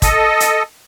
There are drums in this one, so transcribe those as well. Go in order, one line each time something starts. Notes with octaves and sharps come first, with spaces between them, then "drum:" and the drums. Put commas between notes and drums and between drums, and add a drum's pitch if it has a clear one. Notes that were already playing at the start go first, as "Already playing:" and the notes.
A4 D#5, drum: kick, hi-hat
drum: hi-hat